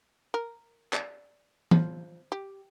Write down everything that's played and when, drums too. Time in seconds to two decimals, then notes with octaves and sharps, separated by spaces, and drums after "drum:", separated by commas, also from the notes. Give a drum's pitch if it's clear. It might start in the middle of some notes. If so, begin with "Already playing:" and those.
0.34 A#4
0.93 D5, drum: clap
1.71 F3, drum: tom E3
2.32 G4